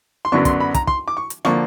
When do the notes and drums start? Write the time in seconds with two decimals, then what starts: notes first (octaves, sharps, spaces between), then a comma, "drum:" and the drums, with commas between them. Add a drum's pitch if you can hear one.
0.25 C6
0.32 F#2 D3 F#3 B3 D4 C#6
0.45 C6, drum: kick, hi-hat
0.60 B5
0.74 A#5, drum: kick, hi-hat
0.87 C6, drum: kick
1.08 D6
1.17 C#6
1.30 drum: hi-hat
1.45 D3 F3 A#3 D4 C#6, drum: rim click